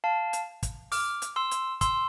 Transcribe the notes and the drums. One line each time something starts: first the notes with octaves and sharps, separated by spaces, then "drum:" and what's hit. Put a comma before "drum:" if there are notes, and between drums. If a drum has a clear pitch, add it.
F5 A5
drum: hi-hat
drum: kick, hi-hat
D6 F6, drum: open hi-hat
drum: hi-hat
C6 E6
drum: hi-hat
C6 E6, drum: kick, hi-hat